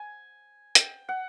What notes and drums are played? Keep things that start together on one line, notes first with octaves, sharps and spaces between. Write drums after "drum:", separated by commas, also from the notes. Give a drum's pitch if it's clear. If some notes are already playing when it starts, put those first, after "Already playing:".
Already playing: G#5
G5, drum: hi-hat
F#5